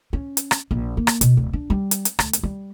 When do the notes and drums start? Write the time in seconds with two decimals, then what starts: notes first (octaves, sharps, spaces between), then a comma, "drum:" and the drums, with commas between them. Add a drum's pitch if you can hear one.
0.13 C#4
0.37 drum: hi-hat
0.51 drum: rim click
0.71 A#1
0.97 A#3
1.07 drum: rim click
1.21 B2, drum: hi-hat
1.37 D1
1.53 D4
1.70 G3
1.91 drum: hi-hat
2.05 drum: hi-hat
2.19 D2, drum: rim click
2.33 drum: hi-hat
2.43 G3